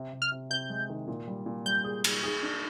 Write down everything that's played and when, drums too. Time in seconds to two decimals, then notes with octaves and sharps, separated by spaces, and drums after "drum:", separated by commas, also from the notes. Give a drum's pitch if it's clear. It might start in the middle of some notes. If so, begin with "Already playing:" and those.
Already playing: C3
0.13 C3
0.22 F6
0.32 C3
0.50 C3 G6
0.70 G#3
0.90 D#3
1.08 A#2
1.27 G3
1.46 A#2
1.66 G3 G6
1.84 G#4
2.04 G#4, drum: cymbal
2.23 G#4
2.43 D4